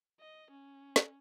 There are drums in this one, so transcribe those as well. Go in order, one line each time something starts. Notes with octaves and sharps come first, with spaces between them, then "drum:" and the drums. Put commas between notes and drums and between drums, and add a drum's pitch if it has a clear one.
D#5
C#4
drum: snare